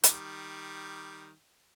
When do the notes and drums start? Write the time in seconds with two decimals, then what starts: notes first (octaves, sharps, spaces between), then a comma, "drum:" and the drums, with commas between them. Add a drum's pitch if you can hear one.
0.03 D#3 G3, drum: hi-hat